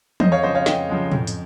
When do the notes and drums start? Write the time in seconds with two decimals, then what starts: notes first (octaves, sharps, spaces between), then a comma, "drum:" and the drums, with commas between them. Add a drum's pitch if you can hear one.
0.20 F2 C5 D#5, drum: tom
0.32 C#5 F5
0.43 C#3 F3 G#3 C5 D#5
0.55 C#5 F5
0.66 F2 D#5 G5, drum: snare
0.89 C#3 F3 G#3
1.12 F2, drum: tom
1.27 drum: hi-hat